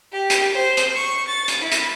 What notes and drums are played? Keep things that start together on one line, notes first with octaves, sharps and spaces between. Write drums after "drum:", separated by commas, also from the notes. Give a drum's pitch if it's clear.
G4
drum: hi-hat
C5
drum: hi-hat
C#6
A6
drum: hi-hat
E4
drum: hi-hat